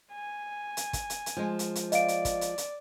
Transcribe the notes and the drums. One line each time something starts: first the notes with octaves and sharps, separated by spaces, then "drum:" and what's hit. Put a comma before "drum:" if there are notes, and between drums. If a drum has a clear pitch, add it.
G#5
drum: hi-hat
drum: kick, hi-hat
drum: hi-hat
drum: hi-hat
F3 G#3
drum: hi-hat
drum: hi-hat
D5 D#5 F5 D7, drum: hi-hat
drum: hi-hat
drum: kick, hi-hat
drum: hi-hat
drum: hi-hat